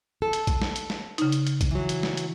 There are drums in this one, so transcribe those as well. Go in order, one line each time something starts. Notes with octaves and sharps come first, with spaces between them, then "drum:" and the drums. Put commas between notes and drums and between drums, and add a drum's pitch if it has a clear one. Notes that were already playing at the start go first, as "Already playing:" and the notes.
A4
drum: hi-hat
drum: kick B1, hi-hat
drum: snare
drum: hi-hat
drum: snare
C#3 D#4, drum: hi-hat
drum: hi-hat
drum: hi-hat
drum: kick B1, hi-hat
E3 F#3
drum: hi-hat
drum: snare
drum: hi-hat